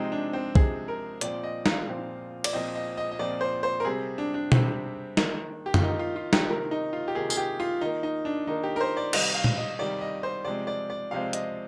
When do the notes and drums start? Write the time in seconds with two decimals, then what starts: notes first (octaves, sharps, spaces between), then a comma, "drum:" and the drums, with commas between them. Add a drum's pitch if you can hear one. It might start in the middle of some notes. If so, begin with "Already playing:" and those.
Already playing: C3 F3 G#3 C4 D#4
0.12 D4
0.33 C4
0.55 C3 F3 G#3 C4 G#4, drum: kick B1
0.88 A#4
1.21 A#2 F3 C4 D5, drum: hi-hat
1.43 D#5
1.66 F5, drum: snare
1.87 A#2 F3 C4
2.44 D5, drum: cymbal
2.53 A#2 F3 C4 D#5
2.75 D#5
2.97 D#5
3.12 D#5
3.19 A#2 F3 C4 D5
3.41 C5
3.63 C5
3.80 A#4
3.85 C3 G3 C4 G#4
4.18 D4
4.34 D4
4.52 C3 G3 C4, drum: tom B2
5.17 D#3 A#3, drum: snare
5.66 G4
5.74 F4, drum: tom F#2
5.83 D#3 A#3 D#4
5.99 F4
6.16 F4
6.33 G4, drum: snare
6.49 C3 D#3 A#3 A#4
6.71 D#4
6.93 F4
7.08 G4
7.15 C3 D#3 A#3 G#4
7.30 G#4, drum: tambourine
7.37 G4
7.60 F4
7.81 D#3 A#3 D#4
8.03 D#4
8.25 D4
8.47 D#3 A#3 D#4
8.63 G4
8.76 A#4
8.81 C5
8.97 D5
9.13 C3 D#3 G3 D#5, drum: cymbal
9.35 F5
9.44 drum: tom
9.57 D#5
9.79 C3 D#3 G3 D5
10.01 D#5
10.23 C5
10.45 C3 F3 G#3 C4 D5
10.67 D5
10.90 D5
11.11 C3 F3 G#3 C4 F5
11.33 D#5, drum: hi-hat